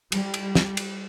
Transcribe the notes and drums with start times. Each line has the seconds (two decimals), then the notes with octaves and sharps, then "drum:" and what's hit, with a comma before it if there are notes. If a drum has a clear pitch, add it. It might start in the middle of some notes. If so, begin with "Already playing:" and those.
0.12 G3, drum: cymbal
0.34 drum: cymbal
0.55 drum: snare
0.77 drum: cymbal